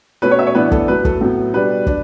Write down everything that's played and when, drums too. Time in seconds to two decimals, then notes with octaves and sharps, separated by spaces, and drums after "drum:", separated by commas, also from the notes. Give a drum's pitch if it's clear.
0.22 B2 A3 C#4 B4
0.31 C#5
0.39 E5
0.47 C#5
0.55 A2 E3 B3 D4 B4
0.71 A4, drum: kick
0.88 A2 F#3 A3 B4
1.05 A4, drum: kick
1.21 A2 F#3 B3
1.54 B2 G3 D4 B4
1.87 D4, drum: kick